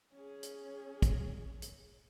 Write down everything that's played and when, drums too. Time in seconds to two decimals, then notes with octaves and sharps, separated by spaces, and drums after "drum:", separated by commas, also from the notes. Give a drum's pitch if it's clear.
0.13 C#4 G#4
0.43 drum: hi-hat
1.02 drum: kick, hi-hat
1.62 drum: hi-hat